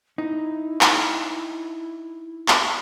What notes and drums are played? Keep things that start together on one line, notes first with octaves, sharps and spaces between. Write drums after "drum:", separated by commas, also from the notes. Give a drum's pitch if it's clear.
D#4 E4
drum: clap
drum: clap